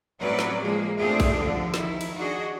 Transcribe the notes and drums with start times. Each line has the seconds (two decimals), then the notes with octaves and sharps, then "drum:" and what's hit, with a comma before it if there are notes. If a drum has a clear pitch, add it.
0.20 A2 F#3 C4 C#4 B4 D5
0.39 drum: snare
0.62 F3 G#3 A#3 G#4
0.98 A3 C4 D4 F4 G4 G#4
1.20 drum: kick, cymbal
1.40 D3 F3
1.74 D#3 E4, drum: snare
2.01 drum: cymbal
2.17 D4 F#4 G#4 D#5